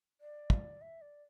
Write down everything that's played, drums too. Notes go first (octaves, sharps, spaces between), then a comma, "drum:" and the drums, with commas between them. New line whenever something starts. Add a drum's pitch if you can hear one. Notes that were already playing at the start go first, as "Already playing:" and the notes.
D5
drum: kick
E5
D5